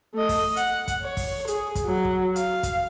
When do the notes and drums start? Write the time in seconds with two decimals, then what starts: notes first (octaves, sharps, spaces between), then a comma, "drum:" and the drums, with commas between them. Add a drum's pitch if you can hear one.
0.14 A3 D#5
0.29 drum: kick, open hi-hat
0.56 F#5, drum: hi-hat
0.88 drum: kick, hi-hat
1.02 C#5
1.17 drum: kick, open hi-hat
1.48 G#4, drum: hi-hat
1.75 drum: kick, hi-hat
1.86 F#3
2.05 drum: kick
2.36 F5, drum: hi-hat
2.63 drum: kick, hi-hat